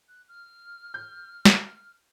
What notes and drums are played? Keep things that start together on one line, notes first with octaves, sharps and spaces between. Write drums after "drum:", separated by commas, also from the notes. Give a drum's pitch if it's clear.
F#6
F6
G6
drum: snare